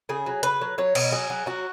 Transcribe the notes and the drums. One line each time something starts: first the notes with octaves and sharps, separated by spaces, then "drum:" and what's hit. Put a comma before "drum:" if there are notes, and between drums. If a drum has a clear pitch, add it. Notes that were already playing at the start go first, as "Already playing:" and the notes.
C#3 G#4
F#3
C#3 B4, drum: hi-hat
F#3
F#3 C#5
B2, drum: cymbal
F#3 G#4
F#3
F#3 F#4